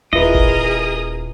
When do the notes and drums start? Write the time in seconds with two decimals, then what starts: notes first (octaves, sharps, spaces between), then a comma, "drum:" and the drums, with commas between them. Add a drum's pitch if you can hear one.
0.13 D#1 E4 F4 G#4 A#4 B4 D#5 D#6
0.35 drum: kick G1